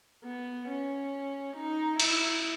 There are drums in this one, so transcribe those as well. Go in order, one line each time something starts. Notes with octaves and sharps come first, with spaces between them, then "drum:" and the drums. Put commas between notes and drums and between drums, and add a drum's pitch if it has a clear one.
B3
C#4
D#4
E4, drum: cymbal